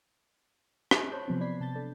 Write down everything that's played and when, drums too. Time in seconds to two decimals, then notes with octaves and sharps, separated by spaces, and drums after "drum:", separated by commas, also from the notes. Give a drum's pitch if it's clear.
0.91 drum: rim click
1.12 C5 C#5 A5 B5 F#6 G6
1.28 C3 F3 F#3 B3 C4
1.41 D5 B5 G#6 B6 C7
1.60 C3 A5 G6 A6
1.76 D4 A4 D5